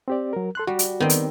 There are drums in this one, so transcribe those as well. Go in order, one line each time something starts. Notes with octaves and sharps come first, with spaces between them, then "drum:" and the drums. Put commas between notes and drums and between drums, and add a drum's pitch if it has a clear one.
C4 G4 D5
F#3 A#4
A4 C6 F#6
G3 F#4
drum: hi-hat
D#3 B3 C4 D5
drum: hi-hat